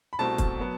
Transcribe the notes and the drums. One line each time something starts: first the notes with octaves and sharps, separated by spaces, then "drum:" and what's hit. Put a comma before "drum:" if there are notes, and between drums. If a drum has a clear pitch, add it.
B5
C2 B2 A3 C4 A5
drum: kick, hi-hat
F#3 B3